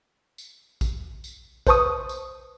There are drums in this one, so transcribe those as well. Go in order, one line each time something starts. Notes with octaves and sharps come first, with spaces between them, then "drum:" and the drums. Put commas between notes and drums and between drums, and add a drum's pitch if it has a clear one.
drum: tambourine
drum: kick A1, tambourine
drum: tambourine
B4 C5 A5 C#6 D#6, drum: kick A1, tambourine
drum: tambourine